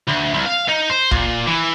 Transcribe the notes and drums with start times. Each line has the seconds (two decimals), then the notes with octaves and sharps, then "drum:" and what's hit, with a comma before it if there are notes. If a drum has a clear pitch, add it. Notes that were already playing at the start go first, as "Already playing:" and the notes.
0.08 D2
0.34 C2
0.46 F5
0.68 D#4
0.90 C5
1.11 A#2, drum: kick
1.47 E3